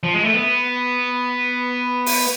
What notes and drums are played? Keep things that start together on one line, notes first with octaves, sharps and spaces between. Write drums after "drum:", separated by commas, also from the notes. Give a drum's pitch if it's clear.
F3
G#3
A3
B3
drum: open hi-hat